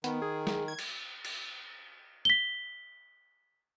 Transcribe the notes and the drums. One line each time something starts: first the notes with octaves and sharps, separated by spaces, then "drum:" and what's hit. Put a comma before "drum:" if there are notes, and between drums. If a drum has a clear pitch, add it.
D#3 B3, drum: hi-hat
G#4
drum: snare
G#6
drum: cymbal
drum: cymbal
B6 G7